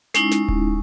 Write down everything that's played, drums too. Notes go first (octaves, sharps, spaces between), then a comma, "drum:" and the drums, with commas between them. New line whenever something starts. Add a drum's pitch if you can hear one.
G#3 C#4 D#4 E4, drum: snare
drum: snare
drum: kick D1